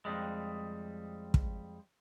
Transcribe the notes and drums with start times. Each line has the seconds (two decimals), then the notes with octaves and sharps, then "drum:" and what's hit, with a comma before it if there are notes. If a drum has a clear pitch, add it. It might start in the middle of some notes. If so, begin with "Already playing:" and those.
0.05 F2 G#2 G3 G#3
1.34 drum: kick